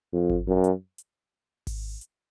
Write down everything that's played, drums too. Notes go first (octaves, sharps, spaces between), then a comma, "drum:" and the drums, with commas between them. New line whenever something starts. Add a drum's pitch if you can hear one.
F2
drum: kick G#1
F#2
drum: hi-hat
drum: hi-hat
drum: kick G#1, open hi-hat
drum: hi-hat